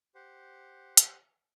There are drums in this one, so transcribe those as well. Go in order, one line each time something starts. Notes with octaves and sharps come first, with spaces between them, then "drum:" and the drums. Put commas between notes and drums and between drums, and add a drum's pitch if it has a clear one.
G4 C5 F#5
drum: hi-hat